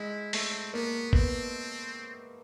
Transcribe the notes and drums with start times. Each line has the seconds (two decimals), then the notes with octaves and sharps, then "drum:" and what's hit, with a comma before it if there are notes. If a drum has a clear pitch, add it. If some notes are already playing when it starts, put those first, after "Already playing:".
Already playing: G#3 E4
0.33 A3 C4, drum: open hi-hat
0.74 A#3 B3
1.13 B3 C4, drum: kick A1